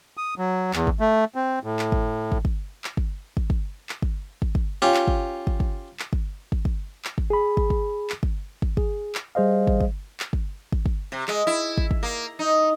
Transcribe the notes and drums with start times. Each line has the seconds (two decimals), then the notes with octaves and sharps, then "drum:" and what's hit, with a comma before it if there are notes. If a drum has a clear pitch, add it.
0.17 D#6
0.38 F#3
0.73 E2, drum: clap
0.87 drum: kick
1.00 A3
1.35 C4
1.64 A2
1.79 drum: clap
1.92 drum: kick
2.32 drum: kick
2.45 drum: kick
2.84 drum: clap
2.97 drum: kick
3.37 drum: kick
3.50 drum: kick
3.89 drum: clap
4.02 drum: kick
4.42 drum: kick
4.55 drum: kick
4.82 C#4 F4 G4
4.94 drum: clap
5.08 drum: kick
5.47 drum: kick
5.60 drum: kick
6.00 drum: clap
6.13 drum: kick
6.52 drum: kick
6.65 drum: kick
7.05 drum: clap
7.18 drum: kick
7.30 G#4 B5
7.57 drum: kick
7.70 drum: kick
8.10 drum: clap
8.23 drum: kick
8.62 drum: kick
8.77 G#4, drum: kick
9.15 drum: clap
9.35 G3 G#4 C5 D#5 F5
9.67 drum: kick
9.81 drum: kick
10.20 drum: clap
10.33 drum: kick
10.72 drum: kick
10.86 drum: kick
11.12 C3
11.28 G#3, drum: clap
11.47 E4
11.78 drum: kick
11.91 drum: kick
12.03 A#3
12.39 D#4